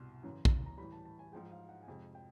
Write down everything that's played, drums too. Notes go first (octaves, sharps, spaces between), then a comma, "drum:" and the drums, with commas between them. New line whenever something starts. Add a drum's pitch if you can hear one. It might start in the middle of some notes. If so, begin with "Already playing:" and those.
Already playing: C2 B2 C6
F#2 C#3 E3
drum: kick
A#5
A2 E3 G3 B5
A5
A5
G#5
G#2 F3 G#3 G5
F5
F#5
G#5
F2 C3 F3 G#3 G5
G5